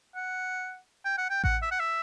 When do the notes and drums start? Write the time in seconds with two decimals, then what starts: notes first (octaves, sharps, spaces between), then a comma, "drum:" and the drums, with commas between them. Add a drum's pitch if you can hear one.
0.15 F#5
1.05 G5
1.18 F#5
1.30 G5
1.44 F#5, drum: kick A1
1.62 E5
1.71 F#5
1.79 E5